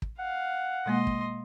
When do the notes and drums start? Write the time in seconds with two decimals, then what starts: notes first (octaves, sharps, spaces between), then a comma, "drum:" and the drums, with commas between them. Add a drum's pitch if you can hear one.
0.02 drum: kick
0.19 F5 F#5
0.86 B2 G#3 A#3 D#5 C6
1.07 drum: kick